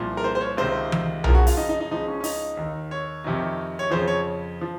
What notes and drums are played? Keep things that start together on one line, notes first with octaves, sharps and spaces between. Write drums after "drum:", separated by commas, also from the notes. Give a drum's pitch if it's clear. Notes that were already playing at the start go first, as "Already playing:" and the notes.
Already playing: C2 A#2 F3
A#4
C5
C5
C#5
C#2 C3 D#3 C5
drum: tom E3
F#2 C#3 F3 A#4, drum: tom B1
F#4
F4, drum: open hi-hat
D#4
D#4
D#4
C#2 C#3 F3 D#4
C#4
C#4
D#4, drum: open hi-hat
D#2 D#3
C#5
F2 C3 D#3
C#5
F2 C#3 F3 C5
C#5
F3